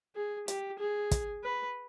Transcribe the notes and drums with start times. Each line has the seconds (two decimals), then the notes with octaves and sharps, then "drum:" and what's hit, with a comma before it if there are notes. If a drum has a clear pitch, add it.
0.15 G#4
0.48 G4, drum: hi-hat
0.79 G#4
1.11 drum: kick, hi-hat
1.43 B4